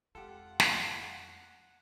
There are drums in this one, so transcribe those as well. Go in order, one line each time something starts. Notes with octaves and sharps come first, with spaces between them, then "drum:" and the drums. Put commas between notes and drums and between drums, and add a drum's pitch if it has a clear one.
F2 G#3 F4 G4 A4 F#5
drum: snare